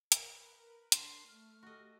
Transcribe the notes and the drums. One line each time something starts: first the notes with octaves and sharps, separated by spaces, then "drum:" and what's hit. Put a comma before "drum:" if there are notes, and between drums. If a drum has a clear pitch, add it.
A#4 B4, drum: hi-hat
D4 C6, drum: hi-hat
A3 F6
F#4 G4 A4 D#5